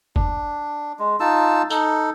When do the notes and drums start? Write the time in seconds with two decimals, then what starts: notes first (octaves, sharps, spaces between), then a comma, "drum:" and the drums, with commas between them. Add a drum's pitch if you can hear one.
0.16 D4, drum: kick F#1
0.99 G#3
1.20 D#4 F4 A5 E6
1.70 D#4 A4, drum: tambourine